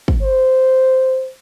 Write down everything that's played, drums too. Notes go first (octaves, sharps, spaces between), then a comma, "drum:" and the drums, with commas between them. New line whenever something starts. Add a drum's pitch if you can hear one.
drum: kick
C5